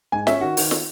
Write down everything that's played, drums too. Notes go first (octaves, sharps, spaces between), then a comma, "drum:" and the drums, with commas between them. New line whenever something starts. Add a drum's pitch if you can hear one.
G#2 G#5
C#4 E5, drum: snare
D#3 F#4
D#3, drum: open hi-hat
drum: snare